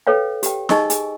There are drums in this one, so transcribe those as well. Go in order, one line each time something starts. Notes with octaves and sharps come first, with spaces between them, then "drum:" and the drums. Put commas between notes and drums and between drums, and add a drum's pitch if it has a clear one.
A4 B4 C#5 F5 G5
G4 G5, drum: hi-hat
D#4 G#4 D#5 G#5 C#6 E6, drum: snare
G#4 G#5, drum: hi-hat